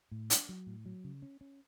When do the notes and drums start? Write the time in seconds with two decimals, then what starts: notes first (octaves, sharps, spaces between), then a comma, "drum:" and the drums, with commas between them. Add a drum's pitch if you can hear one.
0.12 A2
0.30 D4, drum: hi-hat
0.49 F#3
0.67 A2
0.86 F#3
1.04 C#3
1.22 C#4
1.41 C#4